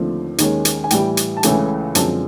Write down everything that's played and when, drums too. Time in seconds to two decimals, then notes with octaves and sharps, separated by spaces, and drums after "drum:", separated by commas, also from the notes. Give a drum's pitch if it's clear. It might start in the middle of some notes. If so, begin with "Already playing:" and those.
Already playing: D#2 D3 F3 A3 C4
0.38 D#2 D#3 G#3 C#4, drum: hi-hat
0.65 drum: hi-hat
0.84 G#5
0.90 A2 E3 G3 G5, drum: hi-hat
1.17 drum: hi-hat
1.37 A5
1.43 C#2 C#3 E3 A3 C#4 G#5, drum: hi-hat
1.95 F#2 D3 F3 G#3 C4 A5, drum: hi-hat